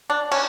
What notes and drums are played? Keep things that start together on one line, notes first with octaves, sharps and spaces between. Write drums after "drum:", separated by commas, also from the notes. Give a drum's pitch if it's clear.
D4
C#4, drum: cymbal